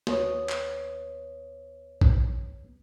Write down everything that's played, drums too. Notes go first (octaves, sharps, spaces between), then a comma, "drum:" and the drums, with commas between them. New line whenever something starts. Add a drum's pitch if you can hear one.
D#2 B3 B4 C#5 D#6, drum: snare
drum: clap
drum: kick